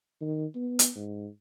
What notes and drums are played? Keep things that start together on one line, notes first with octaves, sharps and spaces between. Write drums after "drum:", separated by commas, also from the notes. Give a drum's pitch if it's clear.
D#3
B3
drum: hi-hat
G#2